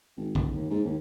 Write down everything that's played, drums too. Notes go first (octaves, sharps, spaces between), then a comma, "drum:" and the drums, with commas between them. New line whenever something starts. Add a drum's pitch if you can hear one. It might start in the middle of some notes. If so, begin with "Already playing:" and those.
G#1
D#1, drum: kick
D#2
G#2
D#2